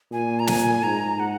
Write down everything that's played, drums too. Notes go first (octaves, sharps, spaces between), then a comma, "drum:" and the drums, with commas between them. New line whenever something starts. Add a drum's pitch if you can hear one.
A#2 G#5
A#5
G#5, drum: snare
G#2 A#5
F#5